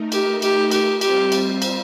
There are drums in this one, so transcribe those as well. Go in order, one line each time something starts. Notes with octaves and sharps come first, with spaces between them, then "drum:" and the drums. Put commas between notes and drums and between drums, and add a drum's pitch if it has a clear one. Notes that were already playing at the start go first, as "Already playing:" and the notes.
Already playing: A3 D#4 A#4
G4, drum: cymbal
G4, drum: cymbal
G4, drum: cymbal
G3 C4 F4 G4 C5, drum: cymbal
drum: cymbal
drum: cymbal